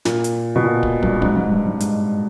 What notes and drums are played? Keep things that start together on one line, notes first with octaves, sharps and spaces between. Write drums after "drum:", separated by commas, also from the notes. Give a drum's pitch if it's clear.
A#2, drum: snare
drum: hi-hat
B2
A#2
drum: kick
G2, drum: kick
G#2, drum: kick
G#2
G2
G#2
G#2, drum: hi-hat